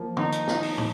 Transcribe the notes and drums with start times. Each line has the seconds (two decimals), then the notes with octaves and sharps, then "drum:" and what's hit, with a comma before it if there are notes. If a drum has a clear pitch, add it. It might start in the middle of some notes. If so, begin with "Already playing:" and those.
Already playing: F3 A#3
0.17 D#4, drum: tom
0.32 drum: hi-hat
0.48 drum: snare
0.63 drum: open hi-hat
0.78 drum: tom